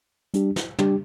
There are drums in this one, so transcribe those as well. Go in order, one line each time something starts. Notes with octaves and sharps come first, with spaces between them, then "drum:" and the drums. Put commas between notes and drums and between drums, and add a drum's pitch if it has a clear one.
G3 D4 G4, drum: hi-hat
drum: snare
G3 D4 G4, drum: tom